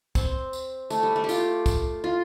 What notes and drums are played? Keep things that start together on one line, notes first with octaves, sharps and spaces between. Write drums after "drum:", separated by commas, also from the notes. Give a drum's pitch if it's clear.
C4, drum: kick, tambourine
drum: tambourine
A3, drum: tambourine
G3
A3
G4
F4, drum: tambourine
drum: kick, tambourine
F4